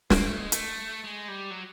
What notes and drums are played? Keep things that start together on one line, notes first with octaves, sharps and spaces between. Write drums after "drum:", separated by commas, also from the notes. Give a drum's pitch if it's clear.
A#3, drum: snare
A3
G#3
A3, drum: hi-hat
G#3
G3
F#3